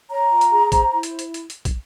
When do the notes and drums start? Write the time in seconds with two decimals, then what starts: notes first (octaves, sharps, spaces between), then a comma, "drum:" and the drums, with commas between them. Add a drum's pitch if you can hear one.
0.10 C#5 A#5
0.30 F4
0.41 drum: hi-hat
0.52 G#4
0.72 C5, drum: kick, hi-hat
0.92 E4
1.03 drum: hi-hat
1.19 drum: hi-hat
1.34 drum: hi-hat
1.50 drum: hi-hat
1.65 drum: kick, hi-hat